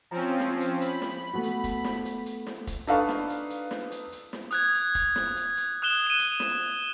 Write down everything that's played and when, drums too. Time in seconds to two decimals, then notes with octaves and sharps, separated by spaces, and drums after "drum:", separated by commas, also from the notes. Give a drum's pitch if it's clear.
0.11 F3 C4 C#4 A#5
0.40 drum: snare
0.60 drum: hi-hat
0.81 B5, drum: hi-hat
1.02 drum: snare
1.33 A3 B3 F#4
1.43 drum: hi-hat
1.64 drum: kick, hi-hat
1.85 drum: snare
2.05 drum: hi-hat
2.26 drum: hi-hat
2.47 drum: snare
2.67 drum: kick, hi-hat
2.87 D4 D#4 A4 B4 F5 C#6, drum: hi-hat
3.09 drum: snare
3.29 drum: hi-hat
3.50 drum: hi-hat
3.71 drum: snare
3.91 drum: hi-hat
4.12 drum: hi-hat
4.33 drum: snare
4.51 D#6 F#6 G#6, drum: hi-hat
4.74 drum: hi-hat
4.95 drum: kick, hi-hat
5.16 drum: snare
5.36 drum: hi-hat
5.57 drum: hi-hat
5.82 D#6 F#6 E7 G7
6.07 D#7 E7
6.19 drum: hi-hat
6.40 drum: snare